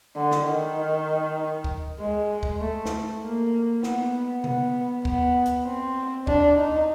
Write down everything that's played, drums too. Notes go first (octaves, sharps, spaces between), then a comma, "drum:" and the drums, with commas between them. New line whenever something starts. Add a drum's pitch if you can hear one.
D3
drum: snare
D#3
drum: kick
G#3
drum: kick
A3
drum: snare
A#3
B3, drum: snare
B3, drum: tom B2
B3, drum: kick
drum: hi-hat
C4
D4, drum: kick
D#4